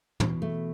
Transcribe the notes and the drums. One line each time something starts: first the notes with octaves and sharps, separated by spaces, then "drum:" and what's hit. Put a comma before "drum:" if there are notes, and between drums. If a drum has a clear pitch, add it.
B2 E3, drum: tom
A3